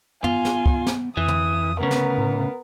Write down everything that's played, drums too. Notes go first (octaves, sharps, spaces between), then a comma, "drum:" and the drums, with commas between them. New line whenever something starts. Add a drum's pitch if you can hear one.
B3 F4 G#5, drum: tom
drum: snare
drum: kick
drum: snare
F2 E3 D#6
drum: tom
D2 C#3 B3 A#4
drum: snare
A2